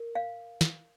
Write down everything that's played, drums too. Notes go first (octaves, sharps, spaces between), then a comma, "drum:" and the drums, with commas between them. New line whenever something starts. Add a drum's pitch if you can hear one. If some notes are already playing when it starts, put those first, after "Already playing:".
Already playing: A#4
F5
drum: snare